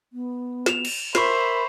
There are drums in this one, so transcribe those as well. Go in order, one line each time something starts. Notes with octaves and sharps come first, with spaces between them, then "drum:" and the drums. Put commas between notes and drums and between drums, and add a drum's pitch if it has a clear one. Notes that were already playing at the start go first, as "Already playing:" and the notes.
B3
E7 F7, drum: snare
drum: cymbal
A#4 C5 E5 B5 C#6 C7, drum: snare